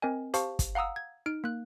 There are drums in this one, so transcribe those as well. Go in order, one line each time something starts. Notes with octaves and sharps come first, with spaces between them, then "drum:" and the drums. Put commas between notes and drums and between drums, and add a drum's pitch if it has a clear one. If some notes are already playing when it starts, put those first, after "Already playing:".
C4 A#4 D#5 G#5
G4 C5 F5 A5 C#6, drum: hi-hat
drum: kick, hi-hat
F5 F#5 A#5 D#6 E6
G#6
D#4 F6 D7
A#3 F#6